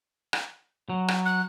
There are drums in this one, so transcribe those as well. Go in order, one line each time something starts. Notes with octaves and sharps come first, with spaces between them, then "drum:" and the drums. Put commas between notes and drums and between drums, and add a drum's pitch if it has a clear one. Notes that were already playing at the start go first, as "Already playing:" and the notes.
drum: rim click
F#3
drum: rim click
F#6